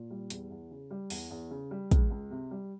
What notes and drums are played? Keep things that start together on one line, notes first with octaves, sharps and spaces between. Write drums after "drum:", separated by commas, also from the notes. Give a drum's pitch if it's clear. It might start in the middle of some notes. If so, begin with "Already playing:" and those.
Already playing: A#2
G3
E2, drum: hi-hat
E2
C#3
G3
E2, drum: open hi-hat
E2
C#3
G3
C#2, drum: kick, hi-hat
C#2
C3
G3